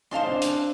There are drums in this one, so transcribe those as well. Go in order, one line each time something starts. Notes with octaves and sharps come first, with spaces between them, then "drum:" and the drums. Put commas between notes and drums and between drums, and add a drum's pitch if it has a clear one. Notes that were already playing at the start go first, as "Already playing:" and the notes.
C#4 D#4 C5 F5 A5 C6
C4 D4
drum: hi-hat